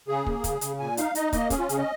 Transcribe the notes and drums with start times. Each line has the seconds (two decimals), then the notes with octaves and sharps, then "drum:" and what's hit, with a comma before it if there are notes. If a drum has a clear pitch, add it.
0.08 C#3 G#4
0.26 A#3, drum: kick
0.44 C#3, drum: kick, hi-hat
0.61 C#3, drum: hi-hat
0.80 A#2 G#5
0.97 D#4 F5, drum: hi-hat
1.15 D#4 D#5, drum: hi-hat
1.33 A#3 D#5, drum: kick, hi-hat
1.50 C#4 G#4, drum: kick, hi-hat
1.59 F4
1.69 C#3 G#4, drum: hi-hat
1.78 D#5